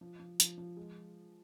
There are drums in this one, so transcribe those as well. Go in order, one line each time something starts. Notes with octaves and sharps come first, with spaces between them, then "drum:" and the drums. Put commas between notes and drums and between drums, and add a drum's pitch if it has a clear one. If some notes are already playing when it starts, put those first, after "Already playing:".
F3
F3
F3, drum: hi-hat
F3
G#3